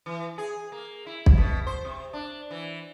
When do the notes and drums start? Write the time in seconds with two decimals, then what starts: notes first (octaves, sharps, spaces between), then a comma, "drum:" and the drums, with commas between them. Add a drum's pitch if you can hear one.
0.06 E3
0.38 G#4
0.72 A#3
1.06 E4
1.26 drum: kick B1
1.38 B2
1.67 C5
1.85 C3
2.13 D4
2.51 E3